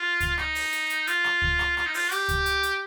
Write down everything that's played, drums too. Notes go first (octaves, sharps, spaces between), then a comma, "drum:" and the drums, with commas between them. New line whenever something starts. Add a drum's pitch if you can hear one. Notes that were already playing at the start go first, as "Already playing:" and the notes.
Already playing: F4
drum: kick C#2, hi-hat
D#4, drum: rim click
drum: open hi-hat
drum: hi-hat
drum: hi-hat
F4, drum: hi-hat
drum: rim click
drum: kick C#2
drum: rim click
F4, drum: rim click
D#4
F4, drum: open hi-hat
G4, drum: hi-hat
drum: kick C#2, hi-hat
drum: hi-hat
drum: hi-hat